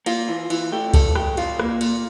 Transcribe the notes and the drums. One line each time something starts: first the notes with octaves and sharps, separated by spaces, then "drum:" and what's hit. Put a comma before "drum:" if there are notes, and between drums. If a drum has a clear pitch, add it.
A#3 F4, drum: cymbal
E3
E3, drum: cymbal
A3 G4
E2 A4, drum: kick C#2, cymbal
E2 G4, drum: rim click
C2 F4, drum: cymbal
A#3, drum: rim click
A#2, drum: cymbal